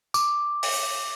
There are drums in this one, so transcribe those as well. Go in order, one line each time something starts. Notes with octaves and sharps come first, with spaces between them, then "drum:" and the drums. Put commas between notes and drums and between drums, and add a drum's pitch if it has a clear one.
D6, drum: tambourine
drum: open hi-hat